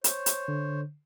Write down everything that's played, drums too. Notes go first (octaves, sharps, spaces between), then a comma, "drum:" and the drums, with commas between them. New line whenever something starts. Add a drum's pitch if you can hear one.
C5 C#5, drum: hi-hat
drum: hi-hat
D3